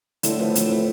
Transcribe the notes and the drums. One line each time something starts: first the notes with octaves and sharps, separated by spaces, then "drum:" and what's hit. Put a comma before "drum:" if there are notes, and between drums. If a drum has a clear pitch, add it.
A2 D3, drum: hi-hat
F3 C4 E4 B4
D3, drum: hi-hat
F3 C4 E4 B4